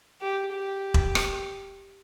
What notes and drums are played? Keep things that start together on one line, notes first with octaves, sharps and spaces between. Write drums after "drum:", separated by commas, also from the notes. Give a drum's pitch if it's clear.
G4
G4
drum: kick E1
drum: rim click